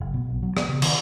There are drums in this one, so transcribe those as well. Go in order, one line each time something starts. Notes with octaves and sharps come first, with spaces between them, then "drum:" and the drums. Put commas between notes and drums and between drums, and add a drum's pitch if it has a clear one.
F#1
B2
B1
F#3
B3, drum: rim click
C#3
D#3, drum: cymbal